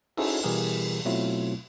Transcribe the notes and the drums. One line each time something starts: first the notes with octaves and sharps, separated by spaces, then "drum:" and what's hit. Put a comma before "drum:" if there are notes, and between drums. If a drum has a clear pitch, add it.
C#4 D#4 E4 F#4 G#4 A4, drum: cymbal
B2 E3 G3 G4 G#4 A#4
B2 F#3 A3 C4 E4 F4